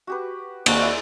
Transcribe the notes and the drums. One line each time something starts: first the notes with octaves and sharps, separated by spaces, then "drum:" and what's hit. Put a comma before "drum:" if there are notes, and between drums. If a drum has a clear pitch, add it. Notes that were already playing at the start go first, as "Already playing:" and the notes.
F#4 G4 B4
D#2 A#3 C4 F#4 G#4 D5, drum: cymbal
E4 E5 B5